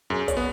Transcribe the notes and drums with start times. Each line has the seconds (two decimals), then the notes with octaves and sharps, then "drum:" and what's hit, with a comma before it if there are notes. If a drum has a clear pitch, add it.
0.10 F#2 G#4
0.28 C#5, drum: kick, hi-hat
0.37 B3